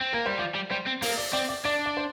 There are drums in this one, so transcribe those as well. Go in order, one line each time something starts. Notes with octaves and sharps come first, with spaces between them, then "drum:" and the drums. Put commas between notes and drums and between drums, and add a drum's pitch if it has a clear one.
C4
A#3 A#4
G3 C5
F3 D5
G3
G3 C5
C4
A#3 A#4, drum: open hi-hat
D5
C4 D5
D5
D4 D5
D5
C5